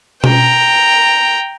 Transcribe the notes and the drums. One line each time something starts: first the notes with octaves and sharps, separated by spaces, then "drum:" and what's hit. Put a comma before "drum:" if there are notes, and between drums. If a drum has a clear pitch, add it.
G5 A#5, drum: tom B2